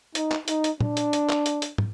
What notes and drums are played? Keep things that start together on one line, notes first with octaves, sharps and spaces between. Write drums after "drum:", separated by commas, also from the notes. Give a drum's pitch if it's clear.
D#4, drum: hi-hat
drum: clap
D#4, drum: hi-hat
drum: hi-hat
D4, drum: tom
drum: hi-hat
drum: hi-hat
drum: clap
drum: hi-hat
drum: hi-hat
drum: tom